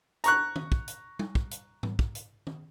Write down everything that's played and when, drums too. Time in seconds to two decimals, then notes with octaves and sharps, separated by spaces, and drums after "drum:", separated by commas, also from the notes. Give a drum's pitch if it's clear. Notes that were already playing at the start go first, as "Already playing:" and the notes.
0.24 A#5 C#6 F#6, drum: hi-hat
0.56 drum: tom D#3
0.72 drum: kick
0.88 drum: hi-hat
1.19 drum: tom
1.35 drum: kick
1.51 drum: hi-hat
1.83 drum: tom G#2
1.99 drum: kick
2.15 drum: hi-hat
2.47 drum: tom D#3